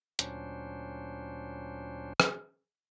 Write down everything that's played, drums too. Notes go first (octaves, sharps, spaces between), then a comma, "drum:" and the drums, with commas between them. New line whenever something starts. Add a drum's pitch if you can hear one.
D2 A#2 F#3 C#4 D4 C5, drum: hi-hat
drum: rim click